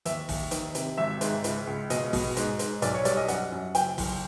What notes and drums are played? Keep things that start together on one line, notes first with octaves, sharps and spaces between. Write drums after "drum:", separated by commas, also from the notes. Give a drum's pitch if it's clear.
D#2 E5, drum: hi-hat
D#2, drum: kick, open hi-hat
D#3, drum: hi-hat
C3, drum: hi-hat
G#1 E5
G#2, drum: hi-hat
C#2, drum: hi-hat
C#2
B2 D#5, drum: hi-hat
B2, drum: kick, open hi-hat
G#2, drum: hi-hat
G#2, drum: hi-hat
B1 D5, drum: hi-hat
C#5
G3 D5, drum: hi-hat
D#5
F#2 F#5, drum: hi-hat
F#2
F#1 G5, drum: hi-hat
F#1, drum: kick, open hi-hat